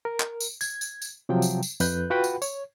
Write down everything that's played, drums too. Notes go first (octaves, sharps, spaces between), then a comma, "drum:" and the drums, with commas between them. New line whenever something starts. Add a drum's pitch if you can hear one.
A#4
drum: clap
drum: tambourine
G#6, drum: tambourine
drum: tambourine
drum: tambourine
C3 F3 F#3 G5
drum: tambourine
drum: tambourine
F2 B4 F#6 G6, drum: tambourine
F4 F#4 B4 F#5 G5 B5
drum: tambourine
C#5, drum: tambourine